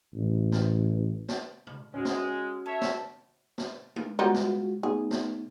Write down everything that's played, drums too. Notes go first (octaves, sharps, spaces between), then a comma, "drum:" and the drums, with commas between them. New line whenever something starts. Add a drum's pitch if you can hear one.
A1
drum: snare
drum: snare
drum: tom C3
G#3 C#4 F#4
drum: snare
A4 C#5 E5
drum: snare
drum: snare
drum: tom G#3
G3 G#3 B3 D#4 F4 F#4
drum: snare
A3 B3 D#4 G#4
drum: snare